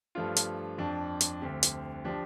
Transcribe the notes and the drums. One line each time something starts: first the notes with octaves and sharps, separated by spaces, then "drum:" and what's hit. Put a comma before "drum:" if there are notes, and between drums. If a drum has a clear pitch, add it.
G2 F3 A3 D4 F4
drum: hi-hat
F2 F3 D4
drum: hi-hat
D2 D3 G3 C4 G4
drum: hi-hat
F3 D4 G4